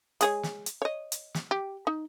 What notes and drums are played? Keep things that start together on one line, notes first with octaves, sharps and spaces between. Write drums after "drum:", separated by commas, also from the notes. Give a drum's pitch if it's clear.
G#3 G#4 C#5, drum: hi-hat
drum: snare
drum: hi-hat
C#5 D#5
drum: hi-hat
drum: snare
G4
D#4